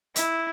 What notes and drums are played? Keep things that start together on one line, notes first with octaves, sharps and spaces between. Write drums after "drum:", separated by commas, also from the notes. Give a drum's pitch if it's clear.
E4, drum: hi-hat